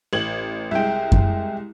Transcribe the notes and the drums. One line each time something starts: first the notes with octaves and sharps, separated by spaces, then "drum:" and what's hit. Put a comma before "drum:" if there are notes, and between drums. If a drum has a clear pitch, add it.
A1 G#6 F#7
C2 G#3 E5 G5
drum: kick F#2